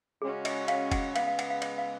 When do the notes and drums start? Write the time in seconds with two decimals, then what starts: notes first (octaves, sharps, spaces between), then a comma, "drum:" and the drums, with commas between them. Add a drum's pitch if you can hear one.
0.22 C#3 G#3 C#4 F#4 G#4
0.45 D#5, drum: cymbal
0.68 F5, drum: cymbal
0.92 F#5, drum: kick F1, cymbal
1.16 C#3 G#3 B3 F5, drum: cymbal
1.27 F5
1.39 F#5, drum: cymbal
1.50 F5
1.62 D#5, drum: cymbal
1.78 F5